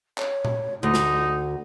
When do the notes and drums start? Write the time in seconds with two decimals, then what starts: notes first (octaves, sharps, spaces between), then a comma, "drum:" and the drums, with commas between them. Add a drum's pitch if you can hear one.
0.18 C#5, drum: clap
0.45 drum: tom A#2
0.83 D2 D#4 F#5
0.94 drum: snare